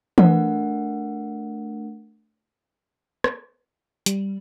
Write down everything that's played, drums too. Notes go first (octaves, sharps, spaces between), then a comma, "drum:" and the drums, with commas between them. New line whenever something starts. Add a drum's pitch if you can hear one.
A3 D4 A#4 F#5, drum: tom E3
drum: rim click
G3, drum: hi-hat